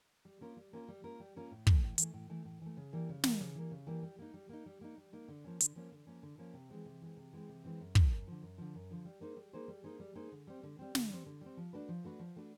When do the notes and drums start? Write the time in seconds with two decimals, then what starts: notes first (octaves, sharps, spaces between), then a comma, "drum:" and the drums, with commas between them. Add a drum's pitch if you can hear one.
0.25 G3
0.41 A#3 C#4 F4 A#4
0.57 G3
0.73 A#3 C#4 F4 A#4
0.88 G3
1.04 A#3 C#4 F4 A#4
1.20 G3
1.36 A#3 C#4 F4 A#4
1.51 A2
1.67 E3 A3, drum: kick
1.83 A2
1.98 E3 A3, drum: hi-hat
2.14 A2
2.29 E3 A3
2.45 A2
2.61 E3 A3
2.77 C#3
2.93 E3 G3 A#3
3.09 C#3
3.24 E3 G3 A#3, drum: snare
3.40 C#3
3.55 E3 G3 A#3
3.71 C#3
3.87 E3 G3 A#3
4.03 G3
4.18 A#3 D#4
4.34 G3
4.49 A#3 D#4
4.66 G3
4.81 A#3 D#4
4.97 G3
5.13 A#3 D#4
5.28 D3
5.44 F3 A#3 C#4
5.60 D3, drum: hi-hat
5.76 F3 A#3 C#4
5.92 D3
6.07 F3 A#3 C#4
6.23 D3
6.38 F3 A#3 C#4
6.54 C3
6.69 E3 G#3 C4
6.85 C3
7.02 E3 G#3 C4
7.17 C3
7.33 E3 G#3 C4
7.49 C3
7.64 E3 G#3 C4
7.80 F#2
7.95 D3 F3, drum: kick
8.11 F#2
8.27 D3 F3
8.42 F#2
8.58 D3 F3
8.75 F#2
8.91 D3 F3
9.05 G3
9.21 A#3 D#4 G#4 C5
9.36 G3
9.53 A#3 D#4 G#4 C5
9.68 G3
9.84 A#3 D#4 G#4 C5
10.00 G3
10.15 A#3 D#4 G#4 C5
10.32 D3
10.47 G3 C4
10.63 D3
10.79 G3 C4
10.95 D3, drum: snare
11.11 G3 C4
11.26 D3
11.41 G3 C4
11.57 F3
11.73 A3 D4 F#4 B4
11.88 F3
12.04 A3 D4 F#4 B4
12.19 F3
12.36 A3 D4 F#4 B4